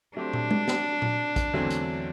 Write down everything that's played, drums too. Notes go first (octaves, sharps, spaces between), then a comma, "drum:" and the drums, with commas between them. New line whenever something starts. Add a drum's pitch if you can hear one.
F#3 A3 C4 D4 G4 C5
drum: tom
drum: tom G#3
drum: snare
drum: tom A#2
drum: kick A#1, hi-hat
E2 D3 F#3 A3 C4
drum: hi-hat